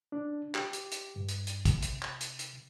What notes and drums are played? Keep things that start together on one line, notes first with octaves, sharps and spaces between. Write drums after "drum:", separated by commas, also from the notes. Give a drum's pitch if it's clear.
D4
G4, drum: clap
drum: hi-hat
drum: hi-hat
G2
drum: hi-hat
drum: hi-hat
drum: kick, hi-hat
C3, drum: hi-hat
drum: clap
drum: hi-hat
drum: hi-hat